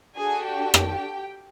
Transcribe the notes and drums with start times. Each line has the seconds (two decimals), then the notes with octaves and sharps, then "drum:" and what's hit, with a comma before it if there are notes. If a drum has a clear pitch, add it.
0.16 D4 F#4 G#4 A4 G#5
0.45 G4 G5
0.74 drum: rim click